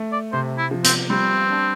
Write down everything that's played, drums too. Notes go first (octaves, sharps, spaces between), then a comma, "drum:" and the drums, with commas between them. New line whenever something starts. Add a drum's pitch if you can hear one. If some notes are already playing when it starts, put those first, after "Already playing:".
Already playing: A3
D5
C3 C5
E4
F3
C4, drum: hi-hat
G3 C4
D4